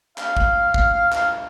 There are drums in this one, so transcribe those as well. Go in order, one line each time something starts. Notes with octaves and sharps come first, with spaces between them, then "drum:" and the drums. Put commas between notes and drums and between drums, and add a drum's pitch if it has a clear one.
F5, drum: clap
drum: kick
drum: kick
drum: clap